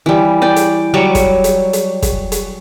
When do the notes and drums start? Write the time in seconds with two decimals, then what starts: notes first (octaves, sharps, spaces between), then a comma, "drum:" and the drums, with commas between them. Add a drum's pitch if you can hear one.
0.06 E3 G3
0.42 D5 G5
0.56 drum: hi-hat
0.94 F#3 G3 C#6 D6
1.15 drum: kick, hi-hat
1.44 drum: hi-hat
1.73 drum: hi-hat
2.02 drum: kick, hi-hat
2.32 drum: hi-hat